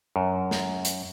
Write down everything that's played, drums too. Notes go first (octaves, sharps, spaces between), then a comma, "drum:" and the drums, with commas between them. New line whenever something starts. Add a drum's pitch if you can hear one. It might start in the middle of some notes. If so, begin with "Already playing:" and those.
F#2
drum: snare
drum: hi-hat